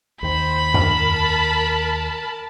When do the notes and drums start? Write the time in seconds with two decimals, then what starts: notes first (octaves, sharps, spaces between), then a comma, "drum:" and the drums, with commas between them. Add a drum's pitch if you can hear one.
0.23 D#2 D#3 C5 B5
0.74 A#4 A5, drum: tom F2